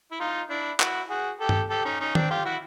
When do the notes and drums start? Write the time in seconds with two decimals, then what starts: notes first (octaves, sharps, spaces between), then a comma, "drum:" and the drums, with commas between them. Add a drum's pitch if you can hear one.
0.12 E4
0.20 D#4 F4
0.50 D4 E4
0.80 E4 F#4, drum: clap
1.10 F#4 G#4
1.40 G4 A4
1.49 drum: tom G2
1.70 G4 A4
1.85 C#4 D#4
2.00 C#4 D#4
2.15 C4 D4, drum: tom D#3
2.30 F4 G4
2.45 E4 F#4